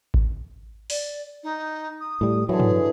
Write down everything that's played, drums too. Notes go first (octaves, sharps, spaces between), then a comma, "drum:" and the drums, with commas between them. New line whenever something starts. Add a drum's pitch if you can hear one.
drum: kick G#1
D5, drum: open hi-hat
D#4
D#6
A2 G3
D3 E3 F#3 G#4
drum: tom